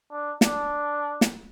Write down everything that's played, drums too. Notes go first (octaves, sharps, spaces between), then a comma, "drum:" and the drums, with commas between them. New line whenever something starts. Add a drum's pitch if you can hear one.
D4
D4, drum: snare
drum: snare